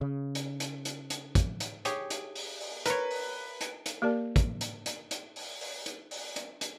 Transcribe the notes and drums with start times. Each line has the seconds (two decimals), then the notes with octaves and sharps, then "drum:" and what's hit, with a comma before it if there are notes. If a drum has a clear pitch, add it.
0.01 C#3
0.35 drum: hi-hat
0.60 drum: hi-hat
0.85 drum: hi-hat
1.10 drum: hi-hat
1.35 drum: kick, hi-hat
1.60 drum: hi-hat
1.85 G4 G#4 C#5, drum: hi-hat
2.10 drum: hi-hat
2.35 drum: open hi-hat
2.61 drum: open hi-hat
2.86 A#4 B4 C#5, drum: hi-hat
3.11 drum: open hi-hat
3.61 drum: hi-hat
3.86 drum: hi-hat
4.02 A#3 G4 A#4 D5 A5
4.36 drum: kick, hi-hat
4.61 drum: hi-hat
4.86 drum: hi-hat
5.11 drum: hi-hat
5.36 drum: open hi-hat
5.61 drum: open hi-hat
5.86 drum: hi-hat
6.11 drum: open hi-hat
6.36 drum: hi-hat
6.61 drum: hi-hat